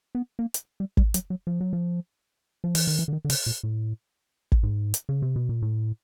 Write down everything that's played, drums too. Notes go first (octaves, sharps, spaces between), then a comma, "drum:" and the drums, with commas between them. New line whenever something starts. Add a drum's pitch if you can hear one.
B3
A#3
drum: hi-hat
G3
G3, drum: kick
F#3, drum: hi-hat
F#3
F3
F#3
F3
F3
E3, drum: open hi-hat
D#3
E3
D3
D#3
D3
C#3, drum: open hi-hat
A#2
A2
drum: kick
G#2
drum: hi-hat
C#3
C3
B2
A#2
A2